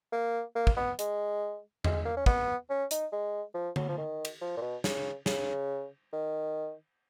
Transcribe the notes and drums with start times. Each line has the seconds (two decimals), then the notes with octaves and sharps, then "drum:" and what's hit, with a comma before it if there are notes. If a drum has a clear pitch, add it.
0.12 A#3
0.55 A#3
0.67 drum: kick
0.76 B3
0.99 G#3, drum: hi-hat
1.84 G#3, drum: tom E2
2.05 A#3
2.17 C#4
2.26 B3, drum: kick
2.70 C#4
2.91 D#4, drum: hi-hat
3.12 G#3
3.55 F3
3.76 F#3, drum: tom D3
3.89 F3
3.98 D#3
4.25 drum: cymbal
4.41 F3
4.57 A#2
4.62 B2
4.84 C#3, drum: snare
5.26 C#3, drum: snare
6.13 D#3